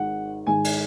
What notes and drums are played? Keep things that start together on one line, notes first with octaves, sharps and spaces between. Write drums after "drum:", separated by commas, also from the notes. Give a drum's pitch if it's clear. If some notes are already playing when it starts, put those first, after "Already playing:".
Already playing: G#1 G#2 D#3 G#3 F#5
G#2 D#3 G#3 G#5
drum: cymbal